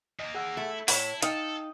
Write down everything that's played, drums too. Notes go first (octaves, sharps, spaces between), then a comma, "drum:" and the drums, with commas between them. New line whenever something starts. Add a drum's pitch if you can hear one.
D#2 A#3 D#5
G#4 F#5 E6
A3 E4
A2 E4 C#5, drum: open hi-hat
D#4 A4 F5 G5 D#6, drum: hi-hat